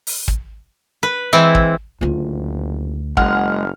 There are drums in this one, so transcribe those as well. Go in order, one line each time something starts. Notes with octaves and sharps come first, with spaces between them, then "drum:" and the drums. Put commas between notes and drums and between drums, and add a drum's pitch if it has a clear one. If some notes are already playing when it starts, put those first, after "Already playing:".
drum: open hi-hat
drum: kick
B4
E3 G#3 C4 E4
drum: kick
F#1 D2 F4
F#1 G#3 F#5 F6, drum: kick